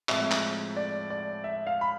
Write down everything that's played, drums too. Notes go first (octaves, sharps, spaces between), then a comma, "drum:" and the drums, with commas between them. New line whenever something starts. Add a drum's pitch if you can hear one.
A2 F3 G#3 C4 E5, drum: clap
drum: clap
D5
D5
E5
F5
B5